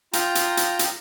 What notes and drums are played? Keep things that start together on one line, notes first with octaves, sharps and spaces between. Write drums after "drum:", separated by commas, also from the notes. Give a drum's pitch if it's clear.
F4 G5 A#5, drum: hi-hat
drum: hi-hat
drum: hi-hat
drum: hi-hat